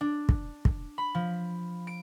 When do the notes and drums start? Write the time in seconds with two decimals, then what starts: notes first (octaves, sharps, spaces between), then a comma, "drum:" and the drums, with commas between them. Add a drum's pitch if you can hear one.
0.01 D4
0.29 drum: kick
0.65 drum: kick
0.98 B5
1.15 F3
1.87 D7